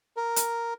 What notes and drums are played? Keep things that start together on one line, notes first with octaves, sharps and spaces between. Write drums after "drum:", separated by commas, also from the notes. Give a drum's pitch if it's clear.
A#4
drum: hi-hat